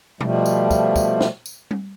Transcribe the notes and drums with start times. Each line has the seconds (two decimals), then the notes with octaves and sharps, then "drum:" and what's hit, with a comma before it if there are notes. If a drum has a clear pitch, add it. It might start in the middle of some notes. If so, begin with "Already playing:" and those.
0.21 B2 F3 G3 A3, drum: tom B2
0.46 drum: tambourine
0.71 drum: kick, tambourine
0.96 drum: kick, tambourine
1.21 drum: snare
1.46 drum: tambourine
1.71 drum: tom G3